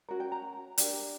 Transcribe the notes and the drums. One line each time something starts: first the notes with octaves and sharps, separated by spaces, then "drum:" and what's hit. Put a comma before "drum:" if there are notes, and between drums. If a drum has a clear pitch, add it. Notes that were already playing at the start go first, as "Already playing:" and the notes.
C#4 F#4 A#4
G5
A#5
D4 G4 A#4, drum: hi-hat